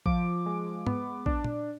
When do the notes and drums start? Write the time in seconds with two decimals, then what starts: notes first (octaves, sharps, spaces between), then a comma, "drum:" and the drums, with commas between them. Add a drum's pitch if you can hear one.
0.06 F3 D6, drum: kick
0.46 G#3
0.87 B3, drum: tom
1.26 D4, drum: kick
1.44 drum: tom A#2